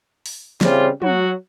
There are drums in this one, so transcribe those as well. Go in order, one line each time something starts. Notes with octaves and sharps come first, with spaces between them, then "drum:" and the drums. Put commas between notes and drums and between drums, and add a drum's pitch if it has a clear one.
drum: open hi-hat
C#3 E3 G3 C4 C#4 F4, drum: snare
F#3 F#4, drum: tom